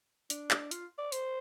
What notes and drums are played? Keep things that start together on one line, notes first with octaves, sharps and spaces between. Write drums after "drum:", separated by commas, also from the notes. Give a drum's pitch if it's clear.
D4, drum: hi-hat
D4, drum: clap
F4, drum: hi-hat
D5
C5, drum: hi-hat